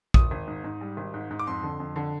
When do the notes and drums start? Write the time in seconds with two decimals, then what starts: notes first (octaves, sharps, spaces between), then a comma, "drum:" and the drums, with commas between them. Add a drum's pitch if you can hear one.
0.14 G#1 D#6, drum: kick
0.31 G#1
0.47 G#2
0.64 G#2
0.81 G3
0.97 G#1
1.14 G#2
1.31 G#2
1.39 D6
1.47 F2 C6
1.63 D3
1.80 F2
1.96 D3